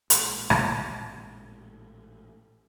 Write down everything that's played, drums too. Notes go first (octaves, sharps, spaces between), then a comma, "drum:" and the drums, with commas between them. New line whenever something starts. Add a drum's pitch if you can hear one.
A1 A#2 G#3, drum: hi-hat
drum: rim click